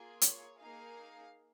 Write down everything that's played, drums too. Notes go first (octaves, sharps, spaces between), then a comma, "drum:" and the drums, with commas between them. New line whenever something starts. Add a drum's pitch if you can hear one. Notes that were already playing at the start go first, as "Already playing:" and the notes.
Already playing: A#3 F4 G#4
C#5, drum: hi-hat
A#3 D#4 G#4 F5